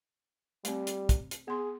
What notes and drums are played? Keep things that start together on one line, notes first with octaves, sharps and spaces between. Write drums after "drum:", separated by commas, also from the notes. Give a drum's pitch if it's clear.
G3 A3 C4, drum: hi-hat
drum: hi-hat
drum: kick, hi-hat
drum: hi-hat
B3 G#4 C6